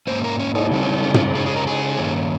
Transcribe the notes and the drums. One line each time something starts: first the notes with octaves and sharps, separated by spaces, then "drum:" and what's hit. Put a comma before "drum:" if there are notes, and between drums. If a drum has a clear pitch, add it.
G#2 D#3 A#3 C#4 C5
A#4
C#4
D#4, drum: cymbal
C#3 G3 C4
C#4
D#4
C#4
F4, drum: tom
C#3 G#3 C#4 G#4
G#4
A#4
G#4
G2 D#3 A#3 C#4